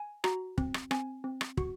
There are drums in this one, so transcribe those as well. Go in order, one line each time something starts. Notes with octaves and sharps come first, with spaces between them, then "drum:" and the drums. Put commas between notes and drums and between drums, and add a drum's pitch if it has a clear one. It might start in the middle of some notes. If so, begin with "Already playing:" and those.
Already playing: G#5
F#4 A#5, drum: rim click
C4, drum: kick
drum: rim click
C4 G#5, drum: rim click
C4
drum: rim click
F#4 C#6, drum: kick